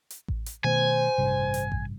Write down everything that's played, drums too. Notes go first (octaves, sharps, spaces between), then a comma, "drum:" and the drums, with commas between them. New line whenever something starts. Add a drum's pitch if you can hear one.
drum: hi-hat
drum: kick A1
drum: hi-hat
B2 D#3 A3 C5 G#5
A1 G2 C3
drum: hi-hat
drum: kick A1